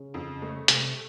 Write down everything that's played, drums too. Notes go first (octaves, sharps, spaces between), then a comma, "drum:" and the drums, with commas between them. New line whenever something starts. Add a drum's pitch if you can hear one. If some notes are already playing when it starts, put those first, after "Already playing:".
Already playing: C#3
F2
A3
C3 A3, drum: hi-hat